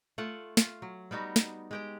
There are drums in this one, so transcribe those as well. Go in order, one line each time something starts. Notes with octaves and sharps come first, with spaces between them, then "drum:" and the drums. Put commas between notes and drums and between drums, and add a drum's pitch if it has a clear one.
A3 F4 F#5
F4, drum: snare
F#3
G3 B3 D#4 F#4
drum: snare
G#3 G4 G5